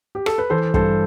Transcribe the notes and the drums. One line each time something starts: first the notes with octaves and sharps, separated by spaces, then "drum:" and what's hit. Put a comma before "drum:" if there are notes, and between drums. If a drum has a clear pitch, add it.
G4
A4, drum: rim click
B4
E3 A4 C5
G2 A4 C5, drum: kick